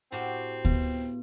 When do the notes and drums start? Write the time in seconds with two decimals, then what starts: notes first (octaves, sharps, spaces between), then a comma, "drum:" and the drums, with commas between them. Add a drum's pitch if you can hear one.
0.12 A2 C4 F#4 G4
0.65 B3, drum: kick D2